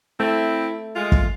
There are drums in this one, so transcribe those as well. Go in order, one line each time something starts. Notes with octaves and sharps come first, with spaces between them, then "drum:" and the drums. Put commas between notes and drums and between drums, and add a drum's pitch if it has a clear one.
A3 C4 E4
G#3 F4
drum: kick